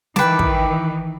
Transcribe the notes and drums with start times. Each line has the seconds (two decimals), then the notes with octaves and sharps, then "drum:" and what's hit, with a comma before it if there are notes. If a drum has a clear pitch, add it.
0.16 D#3 E3 B4 G5 A5 D6, drum: snare
0.39 drum: kick